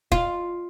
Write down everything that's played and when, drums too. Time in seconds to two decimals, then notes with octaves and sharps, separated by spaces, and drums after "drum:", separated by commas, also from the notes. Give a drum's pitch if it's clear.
0.12 F4, drum: kick